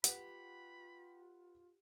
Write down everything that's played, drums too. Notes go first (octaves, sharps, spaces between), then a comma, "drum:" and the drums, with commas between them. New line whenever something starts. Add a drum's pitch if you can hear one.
F4 G4 B4 F#5 B5, drum: hi-hat